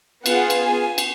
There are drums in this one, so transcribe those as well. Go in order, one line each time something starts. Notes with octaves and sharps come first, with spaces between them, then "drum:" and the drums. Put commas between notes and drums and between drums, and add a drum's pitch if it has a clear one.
B3 F4 G#4 F#5, drum: cymbal
drum: cymbal
G#5
drum: cymbal